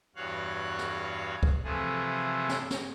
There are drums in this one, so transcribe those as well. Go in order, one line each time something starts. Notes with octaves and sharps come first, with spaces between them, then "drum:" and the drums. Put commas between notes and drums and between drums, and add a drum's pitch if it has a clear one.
E2 G2 F#4 C#5 F5 F#6
drum: snare
drum: kick C#2
C3 E3 F3 A3 G#4 A4
drum: snare
drum: snare